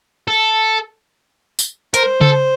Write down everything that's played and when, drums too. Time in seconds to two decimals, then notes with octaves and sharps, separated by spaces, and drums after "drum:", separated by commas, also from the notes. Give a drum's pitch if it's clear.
0.28 A4
1.59 drum: tambourine
1.94 A#4 C5, drum: hi-hat
2.21 A4, drum: tom C#3